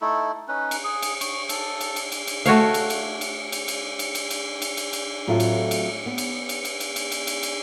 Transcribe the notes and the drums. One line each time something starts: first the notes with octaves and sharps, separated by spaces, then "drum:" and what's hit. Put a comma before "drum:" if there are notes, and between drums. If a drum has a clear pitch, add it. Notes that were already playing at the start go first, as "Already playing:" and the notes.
A3 D#4 E4 A4
C#4 D#4 B4
drum: cymbal
G#4
drum: cymbal
C#6, drum: cymbal
A4, drum: cymbal
drum: cymbal
drum: cymbal
drum: cymbal
drum: cymbal
A3 F#4 C#5 F5, drum: cymbal
drum: cymbal
drum: cymbal
drum: cymbal
drum: cymbal
drum: cymbal
drum: cymbal
drum: cymbal
drum: cymbal
drum: cymbal
drum: cymbal
drum: cymbal
A2 F#3 A3 C4 F4 A4
drum: cymbal
drum: cymbal
B3
drum: cymbal
drum: cymbal
drum: cymbal
drum: cymbal
drum: cymbal
drum: cymbal
drum: cymbal
drum: cymbal